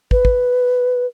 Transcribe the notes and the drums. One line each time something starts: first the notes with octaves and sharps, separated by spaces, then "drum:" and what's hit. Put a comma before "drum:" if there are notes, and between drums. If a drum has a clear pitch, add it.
B4, drum: kick
drum: kick